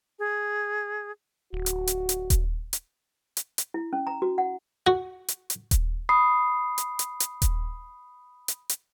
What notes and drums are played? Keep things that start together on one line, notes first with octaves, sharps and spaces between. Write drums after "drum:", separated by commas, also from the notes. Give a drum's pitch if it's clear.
G#4
D1 F#4
drum: hi-hat
drum: hi-hat
drum: hi-hat
drum: kick D#1, hi-hat
drum: hi-hat
drum: hi-hat
drum: hi-hat
E4
C#4
A#5
F#4
F#5
F#4
drum: hi-hat
drum: hi-hat
drum: kick D#1, hi-hat
B5 D#6 C7
drum: hi-hat
drum: hi-hat
drum: hi-hat
drum: kick D#1, hi-hat
drum: hi-hat
drum: hi-hat